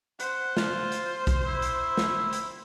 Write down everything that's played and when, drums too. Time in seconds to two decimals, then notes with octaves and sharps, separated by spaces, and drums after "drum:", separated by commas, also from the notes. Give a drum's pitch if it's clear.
0.20 C5 F#5, drum: hi-hat
0.57 F4, drum: snare
0.92 drum: hi-hat
1.27 drum: kick B1, hi-hat
1.47 E4
1.62 drum: hi-hat
1.97 drum: snare
2.33 drum: hi-hat